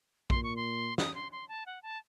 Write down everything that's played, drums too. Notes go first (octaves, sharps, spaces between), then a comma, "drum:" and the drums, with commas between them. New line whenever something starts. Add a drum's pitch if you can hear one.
A#2 C6, drum: kick
C#6
C6
D#6, drum: snare
C6
C6
A5
F#5
A5